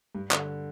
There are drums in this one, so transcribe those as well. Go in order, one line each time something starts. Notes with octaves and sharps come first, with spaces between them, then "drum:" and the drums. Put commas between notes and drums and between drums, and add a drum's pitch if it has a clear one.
G2
D3, drum: clap